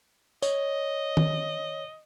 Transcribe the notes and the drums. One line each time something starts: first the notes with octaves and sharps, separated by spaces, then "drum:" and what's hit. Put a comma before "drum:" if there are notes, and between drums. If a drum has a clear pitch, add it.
C#5 D#5, drum: tambourine
drum: tom D#3